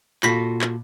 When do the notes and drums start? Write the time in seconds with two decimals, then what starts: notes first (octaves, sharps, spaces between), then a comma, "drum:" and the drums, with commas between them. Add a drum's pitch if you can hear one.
0.23 A#2 F4 F#4 A4 B5 A#6 B6, drum: clap
0.61 drum: clap